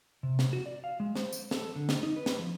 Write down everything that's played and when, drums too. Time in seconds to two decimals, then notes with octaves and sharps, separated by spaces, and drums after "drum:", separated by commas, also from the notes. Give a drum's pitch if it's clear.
0.23 C3
0.39 drum: snare
0.53 F#4
0.66 D5
0.84 F5
1.00 G#3
1.15 C5, drum: snare
1.33 drum: tambourine
1.51 A4, drum: snare
1.76 D3
1.89 drum: snare
2.03 D#4
2.16 B4
2.26 drum: snare
2.39 F3